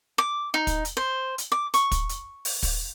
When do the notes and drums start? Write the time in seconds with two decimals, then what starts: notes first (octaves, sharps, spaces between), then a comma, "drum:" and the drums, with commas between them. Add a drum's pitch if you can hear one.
0.18 D6
0.54 D#4
0.67 drum: kick, hi-hat
0.85 drum: hi-hat
0.97 C5
1.38 drum: hi-hat
1.52 D6
1.74 C#6, drum: hi-hat
1.91 drum: kick, hi-hat
2.09 drum: hi-hat
2.45 drum: open hi-hat
2.63 drum: kick, open hi-hat